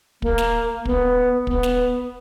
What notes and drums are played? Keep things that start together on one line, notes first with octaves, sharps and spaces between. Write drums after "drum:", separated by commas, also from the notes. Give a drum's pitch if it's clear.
A#3, drum: kick
drum: snare
B3, drum: kick
B3, drum: kick
drum: snare